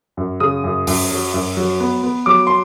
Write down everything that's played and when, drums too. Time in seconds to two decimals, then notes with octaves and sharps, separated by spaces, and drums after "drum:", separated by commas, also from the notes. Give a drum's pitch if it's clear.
0.17 F#2
0.40 C#3 D#6
0.64 F#2
0.87 F#2, drum: open hi-hat
1.11 F#3
1.34 F#2
1.57 F#3
1.80 B3
2.03 B3
2.26 F#3 D6
2.47 C6